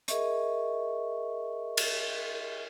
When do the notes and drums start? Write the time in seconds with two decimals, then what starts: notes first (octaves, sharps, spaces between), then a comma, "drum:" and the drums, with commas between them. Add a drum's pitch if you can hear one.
0.08 G#4 A#4 D#5 E5 C#6, drum: hi-hat
1.77 drum: cymbal